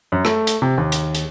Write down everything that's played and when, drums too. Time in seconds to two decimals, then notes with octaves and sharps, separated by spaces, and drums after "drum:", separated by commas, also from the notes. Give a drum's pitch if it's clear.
0.12 F#2
0.25 A3, drum: rim click
0.47 drum: hi-hat
0.62 C3
0.78 D#2
0.92 drum: hi-hat
1.15 drum: hi-hat